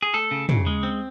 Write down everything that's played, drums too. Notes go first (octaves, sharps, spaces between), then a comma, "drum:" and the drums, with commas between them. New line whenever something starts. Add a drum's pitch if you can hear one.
G#4
A3 A4
C#3
C#3, drum: tom
G#3
C4